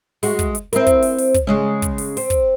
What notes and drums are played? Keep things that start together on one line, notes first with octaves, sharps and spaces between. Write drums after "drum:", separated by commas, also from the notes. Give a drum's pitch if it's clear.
G#3 F#4, drum: open hi-hat
drum: kick, hi-hat
drum: hi-hat
C4 E4 A#4, drum: hi-hat
drum: kick, hi-hat
drum: open hi-hat
drum: open hi-hat
drum: kick, hi-hat
C#3 G#3 C#4
drum: kick, hi-hat
drum: open hi-hat
C4, drum: open hi-hat
drum: kick, hi-hat